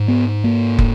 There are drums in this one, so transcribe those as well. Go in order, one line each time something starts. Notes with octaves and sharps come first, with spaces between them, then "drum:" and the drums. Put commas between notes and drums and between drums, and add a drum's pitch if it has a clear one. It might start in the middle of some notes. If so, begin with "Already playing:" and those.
Already playing: G#2
B3
A#3
drum: kick